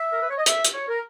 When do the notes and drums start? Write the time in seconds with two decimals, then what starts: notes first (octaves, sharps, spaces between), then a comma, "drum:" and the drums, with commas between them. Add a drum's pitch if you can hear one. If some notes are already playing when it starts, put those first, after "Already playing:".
Already playing: E5
0.13 A#4
0.21 B4
0.29 C#5
0.38 D#5
0.46 E5, drum: hi-hat
0.65 drum: hi-hat
0.74 C#5
0.88 A#4